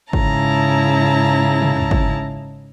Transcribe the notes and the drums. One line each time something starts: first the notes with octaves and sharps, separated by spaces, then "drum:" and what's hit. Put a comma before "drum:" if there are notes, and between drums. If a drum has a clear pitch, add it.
G#2 C#3 E4 A5 A#5, drum: kick
drum: tom
drum: tom
drum: kick